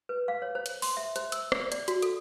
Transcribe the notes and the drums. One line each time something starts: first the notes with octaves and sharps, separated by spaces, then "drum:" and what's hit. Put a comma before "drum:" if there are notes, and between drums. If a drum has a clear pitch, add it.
B4
F5
C#5
C5
drum: hi-hat
C6, drum: open hi-hat
E5
C5, drum: hi-hat
E6, drum: hi-hat
D5, drum: rim click
D5, drum: hi-hat
F#4, drum: hi-hat
A4, drum: hi-hat